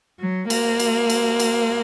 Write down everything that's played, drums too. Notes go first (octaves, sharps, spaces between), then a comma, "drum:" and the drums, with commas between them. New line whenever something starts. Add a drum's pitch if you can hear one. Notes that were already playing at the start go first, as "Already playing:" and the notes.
F#3
A#3, drum: cymbal
drum: cymbal
drum: cymbal
drum: cymbal